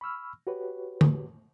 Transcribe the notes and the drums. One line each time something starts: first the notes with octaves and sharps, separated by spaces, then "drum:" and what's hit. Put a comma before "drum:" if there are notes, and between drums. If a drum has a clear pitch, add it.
B5 C#6 E6 F6
F#4 G4 B4 C#5
drum: tom